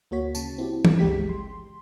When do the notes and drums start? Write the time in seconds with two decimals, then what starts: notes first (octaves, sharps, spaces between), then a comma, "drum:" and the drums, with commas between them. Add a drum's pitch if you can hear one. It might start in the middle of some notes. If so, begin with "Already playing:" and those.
0.11 D2 A#3 F#4 C#5 B6
0.35 C#3 A5, drum: tambourine
0.58 C4 E4 F#4 G4
0.85 G#3, drum: tom
0.99 G1 C#2 G#3 G4 B6
1.29 C6